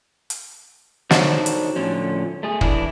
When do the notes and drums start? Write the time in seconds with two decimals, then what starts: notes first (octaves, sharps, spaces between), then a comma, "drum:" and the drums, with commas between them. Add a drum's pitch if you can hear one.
0.30 drum: hi-hat
1.11 D4 D#4 F#4 A4 C5 C#5, drum: snare
1.46 drum: hi-hat
1.76 A2 D3 F3 C#4
2.43 A3 G#4
2.61 E3 D4 E4, drum: kick